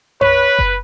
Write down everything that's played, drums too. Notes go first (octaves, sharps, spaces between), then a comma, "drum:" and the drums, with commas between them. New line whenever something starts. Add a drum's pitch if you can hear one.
B4 C#5, drum: tom F2
drum: kick F#1